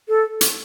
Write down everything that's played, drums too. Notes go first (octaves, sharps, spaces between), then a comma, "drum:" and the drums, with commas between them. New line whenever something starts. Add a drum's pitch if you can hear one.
A4
drum: hi-hat